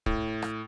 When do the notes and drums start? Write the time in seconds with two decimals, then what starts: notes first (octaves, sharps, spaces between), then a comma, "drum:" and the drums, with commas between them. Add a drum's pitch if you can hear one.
0.06 A2, drum: kick
0.42 drum: rim click